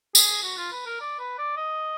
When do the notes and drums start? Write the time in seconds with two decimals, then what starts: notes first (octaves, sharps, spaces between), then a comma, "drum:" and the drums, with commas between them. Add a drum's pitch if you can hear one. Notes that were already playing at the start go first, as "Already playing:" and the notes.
0.15 G#4, drum: tambourine
0.43 F#4
0.57 F4
0.72 B4
0.86 A#4
1.00 D5
1.19 B4
1.38 D5
1.57 D#5